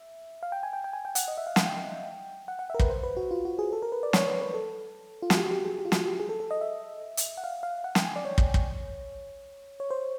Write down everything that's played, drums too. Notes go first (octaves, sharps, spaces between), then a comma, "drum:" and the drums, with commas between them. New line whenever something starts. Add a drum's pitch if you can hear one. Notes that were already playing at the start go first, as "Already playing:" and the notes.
Already playing: E5
F5
G5
G#5
G5
G5
G#5
G5
F#5, drum: hi-hat
D#5
E5
F5
F#5, drum: snare
G5
F#5
F#5
E5
A#4
B4, drum: kick
C5
B4
F#4
F4
F#4
G#4
A4
A#4
B4
D5
C#5, drum: snare
B4
B4
A4
F4
F#4, drum: snare
G4
F#4
G4
G#4
G4
F4
F#4, drum: snare
G4
G#4
A4
A4
D#5
E5
drum: hi-hat
F#5
F5
F5
F#5
G5, drum: snare
G#5
D5
C#5
drum: kick
drum: kick
C#5
C5